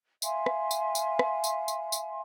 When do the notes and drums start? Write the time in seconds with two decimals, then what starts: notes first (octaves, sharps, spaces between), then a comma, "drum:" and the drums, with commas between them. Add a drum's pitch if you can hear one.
0.22 E5 F5 G#5 C6, drum: tambourine
0.46 drum: rim click
0.71 drum: tambourine
0.95 drum: tambourine
1.19 drum: rim click
1.44 drum: tambourine
1.68 drum: tambourine
1.92 drum: tambourine